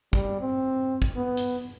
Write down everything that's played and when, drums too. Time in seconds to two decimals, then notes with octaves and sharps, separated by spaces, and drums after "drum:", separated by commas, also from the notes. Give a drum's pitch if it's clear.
0.13 G3, drum: kick
0.41 C4
1.02 drum: kick
1.16 B3
1.37 drum: hi-hat